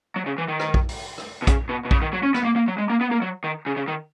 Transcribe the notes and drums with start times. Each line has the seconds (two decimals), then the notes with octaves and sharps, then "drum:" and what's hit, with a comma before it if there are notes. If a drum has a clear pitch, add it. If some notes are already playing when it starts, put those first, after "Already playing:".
0.16 F#3
0.26 C#3
0.38 E3
0.48 D#3
0.60 drum: rim click
0.74 drum: kick A#1
0.89 drum: open hi-hat
1.18 drum: rim click
1.42 B2
1.47 C#3, drum: kick A#1, hi-hat
1.69 B2
1.85 B2
1.91 C#3, drum: kick A#1
2.02 D#3
2.13 F#3
2.23 C#4
2.34 B3, drum: rim click
2.45 A#3
2.56 A#3
2.68 F#3
2.78 G#3
2.90 A#3
3.01 B3
3.11 A#3
3.22 F#3
3.44 D#3
3.66 C#3
3.77 C#3
3.88 D#3